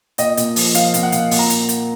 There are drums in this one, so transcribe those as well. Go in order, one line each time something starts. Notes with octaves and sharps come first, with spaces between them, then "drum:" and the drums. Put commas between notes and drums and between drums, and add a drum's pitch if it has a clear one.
A#2 D#5, drum: hi-hat
A#2, drum: hi-hat
F3, drum: open hi-hat
F3 F5, drum: hi-hat
A#2, drum: hi-hat
F#5
A#2, drum: hi-hat
A#2, drum: open hi-hat
A#5
drum: hi-hat
drum: hi-hat